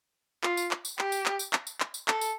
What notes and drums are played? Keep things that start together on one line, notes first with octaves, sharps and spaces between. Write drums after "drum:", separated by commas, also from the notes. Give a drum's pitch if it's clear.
F4, drum: clap
drum: tambourine
drum: clap
drum: tambourine
G4, drum: clap
drum: tambourine
drum: clap
drum: tambourine
drum: clap
drum: tambourine
drum: clap
drum: tambourine
A4, drum: clap
drum: tambourine